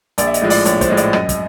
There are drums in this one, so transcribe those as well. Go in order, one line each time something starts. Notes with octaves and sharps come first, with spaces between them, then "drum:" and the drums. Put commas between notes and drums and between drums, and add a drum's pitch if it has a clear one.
A#1 D5, drum: hi-hat
E5
D#5, drum: hi-hat
A2 F3 G#3
D5, drum: open hi-hat
A#1 C#5, drum: hi-hat
C5, drum: kick, hi-hat
A2 F3 G#3
D5, drum: hi-hat
F#2 D#5, drum: rim click
drum: kick, hi-hat